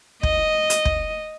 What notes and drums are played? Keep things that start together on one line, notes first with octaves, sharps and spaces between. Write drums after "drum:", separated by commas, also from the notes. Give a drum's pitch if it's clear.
D#5, drum: kick
drum: hi-hat
drum: kick